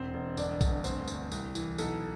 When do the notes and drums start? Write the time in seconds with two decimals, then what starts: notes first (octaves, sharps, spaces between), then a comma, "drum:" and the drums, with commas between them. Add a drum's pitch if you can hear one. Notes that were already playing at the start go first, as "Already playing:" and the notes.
Already playing: E1 C4 C5
0.14 E1
0.37 G1 D4 D5, drum: tambourine
0.61 G1, drum: kick B1, tambourine
0.84 D2 C4 C5, drum: tambourine
1.07 D2, drum: tambourine
1.32 C2, drum: tambourine
1.55 E3, drum: tambourine
1.78 B1 A4, drum: tambourine